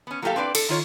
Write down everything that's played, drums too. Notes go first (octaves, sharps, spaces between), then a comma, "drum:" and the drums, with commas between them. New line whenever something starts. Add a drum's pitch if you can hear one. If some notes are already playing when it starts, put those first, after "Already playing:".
B3 C#4
F#3 A#3 B3 G4 A4 F5
C4 D4 B4 D5
A4, drum: cymbal
D#3 F4 C#5